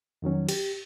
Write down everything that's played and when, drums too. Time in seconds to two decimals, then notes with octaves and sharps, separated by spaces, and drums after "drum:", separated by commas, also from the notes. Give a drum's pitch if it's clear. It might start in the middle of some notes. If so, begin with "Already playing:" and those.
0.22 F2 D#3 F#3 C#4
0.49 G4, drum: cymbal